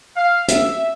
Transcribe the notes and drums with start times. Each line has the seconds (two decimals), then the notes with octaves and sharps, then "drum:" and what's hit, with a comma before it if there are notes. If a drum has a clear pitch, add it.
0.17 F5
0.48 E5, drum: hi-hat